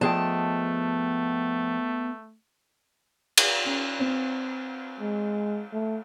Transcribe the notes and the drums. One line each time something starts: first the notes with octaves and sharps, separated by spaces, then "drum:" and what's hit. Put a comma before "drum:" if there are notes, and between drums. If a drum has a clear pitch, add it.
F3 A3 B3 G#4 D#5 G5 A5
drum: cymbal
C#4
C4
G#3
A3